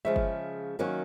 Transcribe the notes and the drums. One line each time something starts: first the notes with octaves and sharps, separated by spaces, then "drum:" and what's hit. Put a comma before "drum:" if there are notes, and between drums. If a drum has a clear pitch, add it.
C#3 F3 G#3 E5
drum: kick G1
D#3 F#3 A#3 C#4 F#4